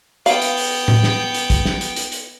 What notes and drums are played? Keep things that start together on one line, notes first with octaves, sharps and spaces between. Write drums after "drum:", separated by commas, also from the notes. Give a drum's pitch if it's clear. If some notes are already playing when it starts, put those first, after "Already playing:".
B3 F5 G5, drum: hi-hat
drum: hi-hat
drum: open hi-hat
drum: tom A2
drum: snare
drum: hi-hat
drum: kick, hi-hat
drum: snare
drum: hi-hat
drum: hi-hat
drum: hi-hat